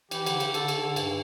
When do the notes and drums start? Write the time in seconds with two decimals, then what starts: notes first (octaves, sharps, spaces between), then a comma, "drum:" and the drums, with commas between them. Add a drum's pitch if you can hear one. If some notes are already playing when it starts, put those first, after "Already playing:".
0.11 E3 G4, drum: cymbal
0.26 D3, drum: cymbal
0.40 C#3, drum: cymbal
0.54 D3 A4, drum: cymbal
0.68 drum: cymbal
0.83 D3
0.96 G2, drum: cymbal